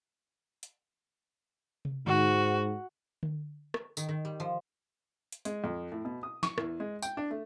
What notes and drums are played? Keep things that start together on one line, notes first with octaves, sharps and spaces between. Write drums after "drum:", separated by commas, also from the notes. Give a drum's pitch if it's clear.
drum: hi-hat
drum: tom
G#2 F#4, drum: tom D3
drum: tom D3
drum: rim click
D#3, drum: tambourine
D#3
G3
F3
drum: hi-hat
G#3, drum: hi-hat
F2
A2
B2
D#6
C#6, drum: snare
E2, drum: rim click
G#3
G5, drum: tambourine
D4
A3